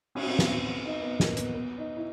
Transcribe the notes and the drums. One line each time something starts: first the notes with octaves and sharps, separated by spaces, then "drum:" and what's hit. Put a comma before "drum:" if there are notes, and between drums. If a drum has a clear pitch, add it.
C#4, drum: cymbal
C4
B3, drum: snare
C4
D#4
B3
A#3, drum: snare
B3, drum: hi-hat
B3
D#4
E4